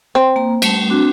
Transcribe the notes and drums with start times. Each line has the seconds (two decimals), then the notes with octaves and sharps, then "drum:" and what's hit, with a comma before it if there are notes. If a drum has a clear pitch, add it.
0.15 C4
0.36 A#3 A#5
0.62 G3 A3 A5, drum: cymbal
0.90 C4 D4 F#4